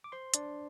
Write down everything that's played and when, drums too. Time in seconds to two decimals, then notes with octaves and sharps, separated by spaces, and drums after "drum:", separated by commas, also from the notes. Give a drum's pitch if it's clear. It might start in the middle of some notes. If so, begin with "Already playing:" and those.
0.04 D6
0.12 C5 C6
0.34 D4 D5, drum: hi-hat